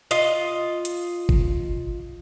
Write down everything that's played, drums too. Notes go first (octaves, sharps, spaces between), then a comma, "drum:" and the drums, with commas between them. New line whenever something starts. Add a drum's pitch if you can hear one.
F4 D#5, drum: hi-hat
drum: hi-hat
drum: kick G1